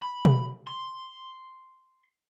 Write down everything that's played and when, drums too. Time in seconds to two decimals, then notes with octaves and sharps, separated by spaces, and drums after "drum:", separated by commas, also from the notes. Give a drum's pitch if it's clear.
0.02 B5
0.25 drum: tom B2
0.67 C6